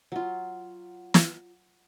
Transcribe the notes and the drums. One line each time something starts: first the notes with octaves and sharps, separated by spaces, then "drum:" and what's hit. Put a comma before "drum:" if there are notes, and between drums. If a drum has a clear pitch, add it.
F#3 F4
drum: snare